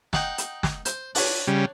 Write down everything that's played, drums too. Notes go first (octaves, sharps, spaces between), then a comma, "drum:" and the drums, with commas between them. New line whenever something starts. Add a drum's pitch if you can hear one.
D#4 F#5 G5, drum: snare
drum: hi-hat
drum: snare
C5, drum: hi-hat
D4 C#5, drum: open hi-hat
C#3 G3